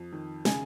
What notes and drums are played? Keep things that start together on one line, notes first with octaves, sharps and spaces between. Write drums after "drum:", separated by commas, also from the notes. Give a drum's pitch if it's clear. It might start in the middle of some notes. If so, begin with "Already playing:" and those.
Already playing: F2
D#3
C#3 G#5, drum: snare